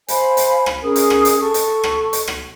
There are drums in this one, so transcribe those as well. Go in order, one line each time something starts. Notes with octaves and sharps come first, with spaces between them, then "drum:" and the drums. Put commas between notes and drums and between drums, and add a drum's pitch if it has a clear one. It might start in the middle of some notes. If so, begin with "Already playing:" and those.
C5 F5 G#5 B5, drum: hi-hat
drum: hi-hat
drum: rim click
C#4 G#4 A#4 D#6
drum: hi-hat
drum: rim click
drum: hi-hat
A4 C#6
drum: hi-hat
drum: rim click
drum: hi-hat
drum: rim click